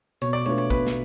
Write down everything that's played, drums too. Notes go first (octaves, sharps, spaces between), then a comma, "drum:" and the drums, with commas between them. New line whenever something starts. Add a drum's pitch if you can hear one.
B2 C#5, drum: tambourine
D5
A3 D4 F4 B4 C#5
C#5
B2 B4, drum: kick, tambourine
drum: snare